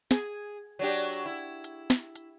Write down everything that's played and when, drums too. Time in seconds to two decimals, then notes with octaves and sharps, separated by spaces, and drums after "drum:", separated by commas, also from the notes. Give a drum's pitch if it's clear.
0.11 G#4, drum: snare
0.79 F#3 D4 G4
1.13 drum: hi-hat
1.26 E4
1.64 drum: hi-hat
1.90 drum: snare
2.16 drum: hi-hat